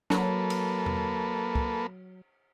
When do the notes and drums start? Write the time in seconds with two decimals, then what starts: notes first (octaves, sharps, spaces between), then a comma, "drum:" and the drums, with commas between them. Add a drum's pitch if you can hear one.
0.10 F#3 A#3 A4 B4, drum: snare
0.50 drum: cymbal
0.86 drum: tom E2
1.55 drum: kick